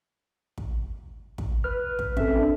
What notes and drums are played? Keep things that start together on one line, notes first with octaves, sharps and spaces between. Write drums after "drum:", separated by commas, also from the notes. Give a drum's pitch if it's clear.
drum: kick
drum: kick
B4 F6
drum: kick
C4 C#4 A4 E5, drum: kick
D4